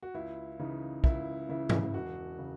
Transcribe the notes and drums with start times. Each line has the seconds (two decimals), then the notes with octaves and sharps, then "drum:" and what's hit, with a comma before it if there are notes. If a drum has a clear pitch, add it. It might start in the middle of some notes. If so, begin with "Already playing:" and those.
0.02 F#4
0.14 C#2 E4
0.59 C#3 E3 D#4
1.04 C#2 E4, drum: kick
1.49 C#3 E3 E4
1.69 drum: tom G2
1.94 E1 F#4
2.39 C#3